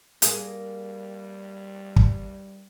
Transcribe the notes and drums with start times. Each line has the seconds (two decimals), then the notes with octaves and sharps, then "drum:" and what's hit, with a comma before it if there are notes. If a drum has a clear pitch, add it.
0.22 G3 A#3 G#4, drum: hi-hat
1.97 drum: kick